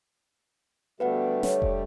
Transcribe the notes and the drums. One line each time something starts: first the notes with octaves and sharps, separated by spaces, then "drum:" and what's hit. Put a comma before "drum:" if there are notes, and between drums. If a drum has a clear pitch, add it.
D3 G3 A3 B3 F#4 B4 F5 F#5
C#5, drum: snare
drum: kick F1